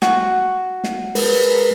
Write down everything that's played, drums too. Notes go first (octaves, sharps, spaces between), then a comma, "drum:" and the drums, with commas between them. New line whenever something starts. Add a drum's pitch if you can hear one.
F#4, drum: snare
drum: snare
G#3 A#4 B4, drum: open hi-hat